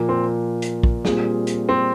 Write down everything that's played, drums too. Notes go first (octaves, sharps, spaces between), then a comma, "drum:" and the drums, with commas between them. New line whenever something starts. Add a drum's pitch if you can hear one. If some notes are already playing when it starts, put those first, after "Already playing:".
Already playing: A#2 F3 A#3
C4
drum: hi-hat
drum: kick
A#2 G3 C4 F4 G#4, drum: snare
drum: hi-hat
C4